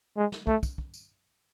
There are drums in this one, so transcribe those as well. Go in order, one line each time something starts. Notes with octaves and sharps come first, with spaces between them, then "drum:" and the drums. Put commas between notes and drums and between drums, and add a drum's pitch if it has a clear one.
G#3
drum: snare
A3, drum: kick
drum: kick, tambourine
drum: kick
drum: tambourine